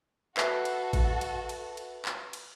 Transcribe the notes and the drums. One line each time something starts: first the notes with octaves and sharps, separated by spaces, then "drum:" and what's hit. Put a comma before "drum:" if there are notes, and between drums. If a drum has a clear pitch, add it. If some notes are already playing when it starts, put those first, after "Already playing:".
F#4 A4 B4 E5 C7, drum: clap
drum: cymbal
drum: kick A1, cymbal
drum: cymbal
drum: cymbal
drum: cymbal
drum: clap
drum: cymbal